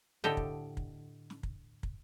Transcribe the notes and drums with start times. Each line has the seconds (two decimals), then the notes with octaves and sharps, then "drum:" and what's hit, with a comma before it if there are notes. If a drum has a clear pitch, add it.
0.24 A2 D3 G4 A4 D#5 G5, drum: snare
0.37 drum: kick
0.77 drum: kick
1.30 drum: snare
1.43 drum: kick
1.83 drum: kick